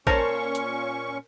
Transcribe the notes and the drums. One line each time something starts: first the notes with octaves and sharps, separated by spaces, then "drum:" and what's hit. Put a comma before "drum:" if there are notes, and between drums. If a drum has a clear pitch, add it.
A#2 C#4 A#4 C5 C#5 A5 C#6, drum: kick A1
drum: hi-hat